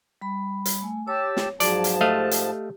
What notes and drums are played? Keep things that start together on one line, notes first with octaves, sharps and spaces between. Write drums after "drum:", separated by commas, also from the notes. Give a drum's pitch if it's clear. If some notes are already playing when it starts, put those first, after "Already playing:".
G3 B5
drum: hi-hat
A3 G#5
G4 C#5 A5 E6
drum: snare
G#2 F3 F#3 F#4 G#4 D5 A5, drum: hi-hat
drum: hi-hat
A3 G4 D#5 F5
drum: hi-hat